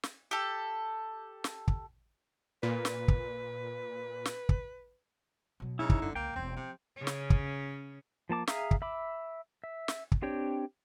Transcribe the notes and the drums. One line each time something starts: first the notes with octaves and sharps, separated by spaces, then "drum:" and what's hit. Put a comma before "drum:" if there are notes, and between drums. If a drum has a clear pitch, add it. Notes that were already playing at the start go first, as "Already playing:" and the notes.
drum: snare
G4 A4
drum: snare
drum: kick
A#2 B4
drum: snare
drum: kick
drum: snare
drum: kick
B2 F#3
C#3 D#4 E4
drum: kick
F#1 D3 G#3
C#2 D3 A#3 G5
E1 C4 C#4
C3 F3
C#3 C#4
drum: snare
drum: kick
F3 A#3 A5 D6
G#4 E5 F5 A#5 D#6, drum: snare
drum: kick
E5 B5 D6
E5
drum: snare
drum: kick
C4 D4 G4 C#5 G5